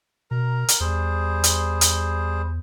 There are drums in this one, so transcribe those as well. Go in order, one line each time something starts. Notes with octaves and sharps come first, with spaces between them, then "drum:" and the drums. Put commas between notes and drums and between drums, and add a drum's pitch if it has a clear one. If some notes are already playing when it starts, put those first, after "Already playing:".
B2 A#4 A#5
drum: hi-hat
E2 G3 G#4 C5
drum: hi-hat
drum: hi-hat